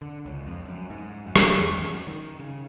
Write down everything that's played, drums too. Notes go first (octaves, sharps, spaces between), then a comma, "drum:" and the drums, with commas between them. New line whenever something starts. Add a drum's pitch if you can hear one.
D3
C#2
F2
F#2
G#2
F#2
drum: rim click
E2
F#2
D#3
C#3